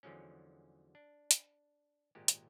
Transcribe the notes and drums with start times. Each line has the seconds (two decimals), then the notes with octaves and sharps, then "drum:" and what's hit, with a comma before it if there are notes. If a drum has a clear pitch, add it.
0.03 E2 D3 F3 F#3 G#3 C#4
0.95 D4
1.31 drum: hi-hat
2.15 G#1 A#2 G#3 G4
2.28 drum: hi-hat